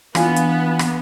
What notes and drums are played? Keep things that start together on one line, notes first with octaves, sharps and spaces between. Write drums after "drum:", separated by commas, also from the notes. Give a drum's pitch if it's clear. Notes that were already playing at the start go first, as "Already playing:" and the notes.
E3 B3 D4 F4 F5 G#5, drum: rim click
drum: hi-hat
drum: rim click